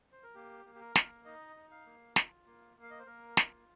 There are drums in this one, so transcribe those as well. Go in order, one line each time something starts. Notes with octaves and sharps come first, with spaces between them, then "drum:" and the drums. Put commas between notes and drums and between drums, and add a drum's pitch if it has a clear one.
C5
A#4
A#3 G4
A#3
G4
A#4
A#3, drum: snare
D#4 D#5
D#4
F5
A#3
F4, drum: snare
A#3
A#3
F5
D#5
C5
A#3 A#4
F4, drum: snare